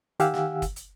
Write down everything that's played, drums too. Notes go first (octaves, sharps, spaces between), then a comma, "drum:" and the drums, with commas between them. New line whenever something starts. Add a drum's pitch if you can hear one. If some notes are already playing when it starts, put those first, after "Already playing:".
D#3 G4 F5 F#5 G#5 E6, drum: hi-hat
drum: snare
drum: kick, hi-hat
drum: hi-hat